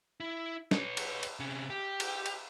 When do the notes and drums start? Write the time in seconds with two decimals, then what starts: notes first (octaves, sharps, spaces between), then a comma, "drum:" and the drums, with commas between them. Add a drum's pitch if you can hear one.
0.20 E4
0.71 B4 C#5, drum: snare
0.97 drum: cymbal
1.23 drum: cymbal
1.40 C3 C#4
1.70 G4
2.00 drum: cymbal
2.26 drum: cymbal